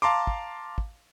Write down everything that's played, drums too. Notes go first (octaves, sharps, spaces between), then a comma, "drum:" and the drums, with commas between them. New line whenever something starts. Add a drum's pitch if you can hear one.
F5 A5 A#5 C6 D6
drum: kick
drum: kick